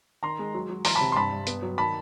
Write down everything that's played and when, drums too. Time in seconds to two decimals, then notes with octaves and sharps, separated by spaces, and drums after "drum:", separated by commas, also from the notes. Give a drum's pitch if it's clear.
0.23 D#3 A#5 C6
0.39 G#3
0.54 F#3
0.70 F#3
0.85 E3 A#5 C6, drum: open hi-hat
0.95 A5 B5
1.01 C3
1.12 C6
1.16 G2 A5 B5
1.32 G2
1.47 B3, drum: hi-hat
1.62 F#3
1.78 D#3 A5 B5